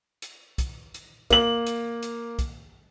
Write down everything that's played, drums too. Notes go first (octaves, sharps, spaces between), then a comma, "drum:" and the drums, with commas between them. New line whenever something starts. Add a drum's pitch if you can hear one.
drum: hi-hat
drum: kick, hi-hat
drum: hi-hat
A#3 F#7, drum: kick, hi-hat
drum: hi-hat
drum: hi-hat
drum: kick, hi-hat